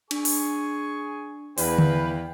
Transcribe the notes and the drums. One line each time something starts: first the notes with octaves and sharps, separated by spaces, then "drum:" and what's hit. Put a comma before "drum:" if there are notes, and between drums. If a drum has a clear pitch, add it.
D4 G#4 G#5 C#6, drum: cymbal
drum: open hi-hat
E2 B4 D5 F5 G5, drum: open hi-hat
drum: tom D3